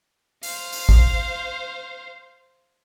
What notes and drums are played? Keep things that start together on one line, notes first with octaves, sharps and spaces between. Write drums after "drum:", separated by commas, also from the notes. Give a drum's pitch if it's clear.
C5 F5, drum: open hi-hat
drum: open hi-hat
drum: kick